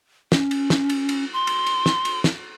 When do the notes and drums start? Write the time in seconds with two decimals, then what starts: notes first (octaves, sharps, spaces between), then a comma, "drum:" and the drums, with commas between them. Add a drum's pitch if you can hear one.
0.32 C#4, drum: snare
0.51 drum: cymbal
0.70 drum: snare
0.90 drum: cymbal
1.09 drum: cymbal
1.33 C6
1.47 drum: cymbal
1.66 drum: cymbal
1.86 drum: snare
2.05 drum: cymbal
2.24 drum: snare